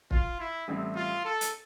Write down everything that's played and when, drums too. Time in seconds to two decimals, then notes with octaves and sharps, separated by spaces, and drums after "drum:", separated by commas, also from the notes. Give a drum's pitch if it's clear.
0.11 F4, drum: kick
0.40 E4
0.68 A1 A2 G3 C4 E4
0.95 F4
1.25 A4
1.41 drum: hi-hat